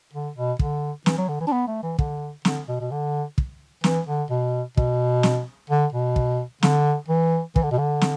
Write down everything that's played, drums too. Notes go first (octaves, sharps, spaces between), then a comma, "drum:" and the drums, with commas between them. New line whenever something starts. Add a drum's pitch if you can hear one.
D3
B2
D3, drum: kick
E3, drum: snare
F#3
D3
E3
D4
B3
A3
E3
D3, drum: kick
D3, drum: snare
B2
B2
D3
drum: kick
E3, drum: snare
D3
B2
B2, drum: kick
drum: snare
D3
B2
drum: kick
D3, drum: snare
E3
E3, drum: kick
D3
B2
D3
drum: snare